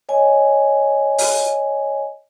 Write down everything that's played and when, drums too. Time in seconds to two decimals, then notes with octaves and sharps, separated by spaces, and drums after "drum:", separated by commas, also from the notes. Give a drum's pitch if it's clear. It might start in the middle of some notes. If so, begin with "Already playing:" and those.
0.09 C#5 D#5 G#5
1.18 drum: open hi-hat